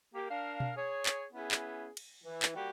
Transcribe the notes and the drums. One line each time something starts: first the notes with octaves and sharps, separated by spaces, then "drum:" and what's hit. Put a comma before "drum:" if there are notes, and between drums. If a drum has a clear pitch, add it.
A#3 G4
D4 A#4 F5
drum: tom B2
G#4 C#5
drum: clap
B3 C#4 E4 G#4
drum: clap
drum: cymbal
E3
drum: clap
G3 A#3 F#4 G4